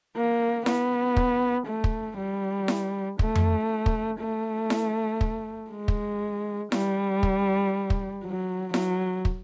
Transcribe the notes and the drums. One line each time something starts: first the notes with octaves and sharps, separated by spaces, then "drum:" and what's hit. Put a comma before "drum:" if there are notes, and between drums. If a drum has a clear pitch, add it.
A#3
B3, drum: snare E4
drum: kick
A3
drum: kick
G3
drum: snare E4
A3, drum: kick
drum: tom F2
drum: kick
A3
drum: snare E4
drum: kick
G#3
drum: kick
G3, drum: snare E4
drum: kick
drum: kick
F#3
F#3, drum: snare E4
drum: kick